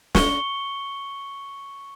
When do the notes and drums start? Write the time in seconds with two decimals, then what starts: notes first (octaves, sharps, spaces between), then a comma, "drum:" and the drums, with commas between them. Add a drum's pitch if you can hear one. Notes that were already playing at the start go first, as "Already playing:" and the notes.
0.15 C#6 C#7 G7, drum: snare